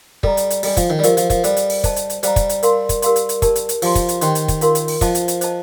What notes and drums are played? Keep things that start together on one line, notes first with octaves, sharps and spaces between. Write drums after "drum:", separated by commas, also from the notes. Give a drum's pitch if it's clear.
G3 A4 D#5 A#5, drum: kick
drum: hi-hat
drum: hi-hat
G3 D4 A4 D#5, drum: open hi-hat
F3, drum: kick, hi-hat
D#3
G3
F3 G4 A#4 D#5, drum: hi-hat
F3, drum: hi-hat
F3, drum: kick, hi-hat
G3 A4 C5 F5, drum: hi-hat
drum: hi-hat
drum: open hi-hat
C5 D#5 A5, drum: kick, hi-hat
drum: hi-hat
drum: hi-hat
G3 C5 F5 A#5, drum: hi-hat
drum: kick, hi-hat
drum: hi-hat
A#4 F5 C6, drum: hi-hat
drum: kick, hi-hat
G4 A#4 F5 C6, drum: hi-hat
drum: hi-hat
drum: hi-hat
G4 A#4 D5 A5, drum: kick, hi-hat
drum: hi-hat
drum: hi-hat
F3 G4 D5 A5 C6, drum: open hi-hat
drum: kick, hi-hat
drum: hi-hat
D#3 G4 C5 G5 C6, drum: hi-hat
drum: hi-hat
drum: kick, hi-hat
F4 A#4 F5 C6, drum: hi-hat
drum: hi-hat
drum: open hi-hat
F3 C5 D#5 A5, drum: kick, hi-hat
drum: hi-hat
drum: hi-hat
C5 D#5 A5, drum: hi-hat